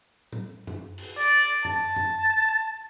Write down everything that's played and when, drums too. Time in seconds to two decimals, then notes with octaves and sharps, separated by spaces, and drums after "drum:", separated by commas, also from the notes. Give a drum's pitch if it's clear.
0.32 drum: tom A2
0.67 drum: tom F#2
0.98 drum: cymbal
1.18 D5
1.65 A5, drum: tom F#2
1.96 drum: tom F#2